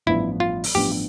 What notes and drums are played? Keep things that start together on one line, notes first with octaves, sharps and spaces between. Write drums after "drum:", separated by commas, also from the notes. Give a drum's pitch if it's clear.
A1 G2 F3 B3 D4 E4
F4
drum: open hi-hat
A1 G2 F3 B3 D4 G4